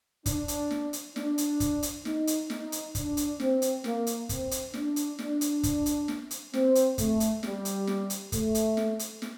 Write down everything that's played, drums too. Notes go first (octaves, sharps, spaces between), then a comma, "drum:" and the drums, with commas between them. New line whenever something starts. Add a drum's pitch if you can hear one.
D4, drum: kick, hi-hat
drum: hi-hat
drum: snare
drum: hi-hat
D4, drum: snare
drum: hi-hat
drum: kick, hi-hat
drum: hi-hat
D#4, drum: snare
drum: hi-hat
D#4, drum: snare
drum: hi-hat
D4, drum: kick, hi-hat
drum: hi-hat
C4, drum: snare
drum: hi-hat
A#3, drum: snare
drum: hi-hat
C4, drum: kick, hi-hat
drum: hi-hat
D4, drum: snare
drum: hi-hat
D4, drum: snare
drum: hi-hat
drum: kick, hi-hat
drum: hi-hat
drum: snare
drum: hi-hat
C4, drum: snare
drum: hi-hat
A3, drum: kick, hi-hat
drum: hi-hat
G3, drum: snare
drum: hi-hat
drum: snare
drum: hi-hat
A3, drum: kick, hi-hat
drum: hi-hat
drum: snare
drum: hi-hat
drum: snare